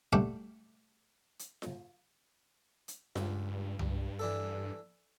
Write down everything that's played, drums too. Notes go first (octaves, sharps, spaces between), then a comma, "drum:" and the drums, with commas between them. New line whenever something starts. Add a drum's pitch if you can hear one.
G3 A3 D4 F#4 E5
drum: hi-hat
drum: snare F4
drum: hi-hat
C#2 G2, drum: snare F4
G2, drum: tom C2
E3 D4 A4